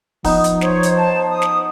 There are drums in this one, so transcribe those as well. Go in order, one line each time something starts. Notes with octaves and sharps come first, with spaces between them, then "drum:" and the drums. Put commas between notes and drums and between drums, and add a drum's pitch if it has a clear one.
F3 B3 D#4, drum: kick, open hi-hat
drum: hi-hat
C5 C#5, drum: snare
drum: hi-hat
A5
D#6
drum: snare